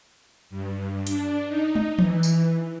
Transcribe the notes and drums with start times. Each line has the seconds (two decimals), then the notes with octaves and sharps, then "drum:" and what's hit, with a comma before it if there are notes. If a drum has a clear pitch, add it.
0.50 G2
1.07 D4, drum: hi-hat
1.47 D#4
1.75 drum: tom
1.99 E3, drum: tom E3
2.23 drum: tambourine